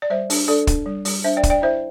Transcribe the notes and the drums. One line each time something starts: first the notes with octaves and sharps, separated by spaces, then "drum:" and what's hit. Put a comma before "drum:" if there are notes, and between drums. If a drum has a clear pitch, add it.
D5
G3 C5 E5
D4, drum: open hi-hat
D4 A4 D5
D4, drum: kick, hi-hat
G3
G3, drum: open hi-hat
D4 C5 E5
D5 G5
D4, drum: kick, hi-hat
D5 G5
E4 C5 E5